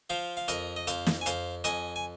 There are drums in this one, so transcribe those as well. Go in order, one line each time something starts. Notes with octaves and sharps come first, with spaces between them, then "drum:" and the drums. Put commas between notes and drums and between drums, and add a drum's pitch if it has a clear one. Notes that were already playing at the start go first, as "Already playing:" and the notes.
F3 C5 F5
F5
F2 A#4 D#5, drum: hi-hat
D#5
F2 C5 F5, drum: hi-hat
drum: snare
G#5
F2 C5 F5, drum: hi-hat
F2 D#5 G#5, drum: hi-hat
G#5